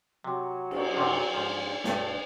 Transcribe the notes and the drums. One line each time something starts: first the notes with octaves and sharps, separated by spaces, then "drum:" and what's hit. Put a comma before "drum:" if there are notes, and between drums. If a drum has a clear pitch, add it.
C3 F#3
drum: cymbal
F#2 C3 F3
G#2 F3
B1 G2 A3, drum: snare